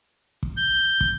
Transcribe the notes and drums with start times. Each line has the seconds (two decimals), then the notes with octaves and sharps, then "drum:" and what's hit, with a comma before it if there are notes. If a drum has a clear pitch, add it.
0.43 drum: kick
0.57 G6
1.01 drum: kick